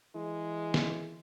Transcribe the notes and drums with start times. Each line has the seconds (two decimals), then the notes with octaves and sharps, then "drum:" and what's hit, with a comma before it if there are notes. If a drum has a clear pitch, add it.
0.15 E3 G#3
0.74 drum: snare